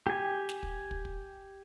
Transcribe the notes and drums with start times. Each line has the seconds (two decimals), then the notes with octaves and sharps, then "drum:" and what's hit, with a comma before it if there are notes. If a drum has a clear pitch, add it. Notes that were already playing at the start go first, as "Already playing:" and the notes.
0.07 G4 G#5
0.49 drum: snare
0.63 drum: kick
0.91 drum: kick
1.05 drum: kick